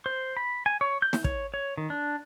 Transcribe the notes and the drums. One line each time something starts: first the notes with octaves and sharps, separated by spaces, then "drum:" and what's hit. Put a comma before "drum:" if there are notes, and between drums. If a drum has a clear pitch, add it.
C5
B5
G#5
C#5
G6
drum: snare
C#5, drum: kick
C#5
D#3
D4